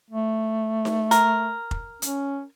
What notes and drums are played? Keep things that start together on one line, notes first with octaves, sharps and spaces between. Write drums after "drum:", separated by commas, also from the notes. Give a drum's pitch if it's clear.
A3
drum: snare D#4
A#4, drum: hi-hat
drum: kick F1
C#4, drum: hi-hat